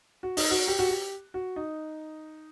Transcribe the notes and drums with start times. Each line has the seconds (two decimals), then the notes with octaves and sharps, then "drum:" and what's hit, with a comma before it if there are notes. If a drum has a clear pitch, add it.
0.23 F#4
0.37 D#4, drum: open hi-hat
0.51 F#4
0.68 G4
0.79 F#4
0.89 G4
1.34 F#4
1.56 D#4